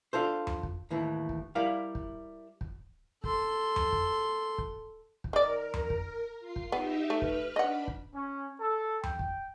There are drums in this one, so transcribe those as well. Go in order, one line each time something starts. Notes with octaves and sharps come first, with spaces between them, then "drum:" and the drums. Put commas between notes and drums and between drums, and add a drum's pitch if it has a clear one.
D4 F4 A4 C5
drum: tom F2
drum: kick
D#2 A2 E3
drum: kick
G3 E4 A#4 F5
drum: kick
drum: kick
A4 C6, drum: kick
drum: tom F2
drum: kick
drum: kick
drum: kick
D#3 A#4 D5
drum: tom F2
drum: kick
F4 C7
drum: kick
B3 D#4 G4 E5
A3 B4 F6
drum: kick
D4 D#5 F#5 B5
drum: kick
C#4
A4
G5, drum: tom F2
drum: kick